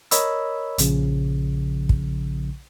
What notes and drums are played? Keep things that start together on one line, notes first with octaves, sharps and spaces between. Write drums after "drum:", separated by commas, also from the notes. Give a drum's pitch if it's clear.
A#4 C#5 D#5 B5 E6, drum: hi-hat
A#1 C#3 F3, drum: hi-hat
drum: kick